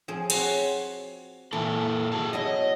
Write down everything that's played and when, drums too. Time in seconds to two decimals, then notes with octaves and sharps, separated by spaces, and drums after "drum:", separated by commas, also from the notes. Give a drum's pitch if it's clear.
0.08 F3 C4 G#4
0.30 C4 F#4 C#5, drum: cymbal
1.53 A#2 E3 A#3 A4
2.12 F#3 G#4 A5
2.33 B2 F#3 E4 D#5